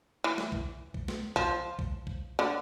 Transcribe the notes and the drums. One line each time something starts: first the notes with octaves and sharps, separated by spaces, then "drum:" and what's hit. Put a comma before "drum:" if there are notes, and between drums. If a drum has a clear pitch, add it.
E3
drum: snare
drum: kick B1
drum: kick B1
drum: snare
F3, drum: kick B1
drum: kick B1
drum: kick B1
D3